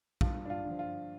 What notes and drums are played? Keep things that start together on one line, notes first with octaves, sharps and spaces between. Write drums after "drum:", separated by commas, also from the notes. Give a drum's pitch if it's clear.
G2 F4, drum: kick
D4
F4
D3 F3
F4